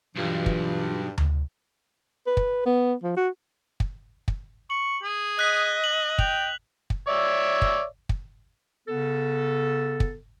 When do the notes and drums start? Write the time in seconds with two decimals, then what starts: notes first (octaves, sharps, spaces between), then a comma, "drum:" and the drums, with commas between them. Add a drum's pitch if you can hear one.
0.15 B1 G2 E3 F4
0.46 drum: kick
1.18 drum: tom D2
2.27 B4
2.37 drum: kick
2.66 B3
3.03 F3
3.17 F#4
3.80 drum: kick
4.28 drum: kick
4.70 C#6 F#7
5.03 G#4
5.39 D#5 F#6 B6
5.84 F#7
6.19 G5 F7, drum: kick
6.90 drum: kick
7.07 C#5 D5 E5
7.62 drum: kick
8.09 drum: kick
8.88 C#3 B3 A4
10.00 drum: kick